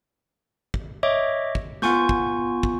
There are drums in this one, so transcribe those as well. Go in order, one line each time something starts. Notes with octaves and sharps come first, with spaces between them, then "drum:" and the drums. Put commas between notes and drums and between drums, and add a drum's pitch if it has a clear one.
drum: kick
C#5 D#5 E5 D6
drum: kick
B3 F4 G#5 C#6 G6, drum: snare
drum: kick
drum: kick